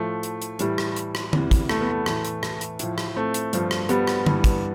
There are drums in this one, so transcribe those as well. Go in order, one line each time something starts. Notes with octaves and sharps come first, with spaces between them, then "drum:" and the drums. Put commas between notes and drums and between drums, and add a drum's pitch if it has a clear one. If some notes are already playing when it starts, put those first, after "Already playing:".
Already playing: A2 F3 A3
drum: hi-hat
drum: hi-hat
A2 E3 G3, drum: hi-hat
drum: rim click
drum: hi-hat
drum: rim click
E2 C3 E3, drum: tom D3
drum: kick, hi-hat
A3, drum: rim click
B3
A3
A2 E3, drum: rim click
drum: hi-hat
drum: rim click
drum: hi-hat
A2 F3, drum: hi-hat
drum: rim click
A3 C4
drum: hi-hat
G2 F3, drum: hi-hat
drum: rim click
G3 B3, drum: hi-hat
drum: rim click
G2 E3, drum: tom D3
drum: kick, hi-hat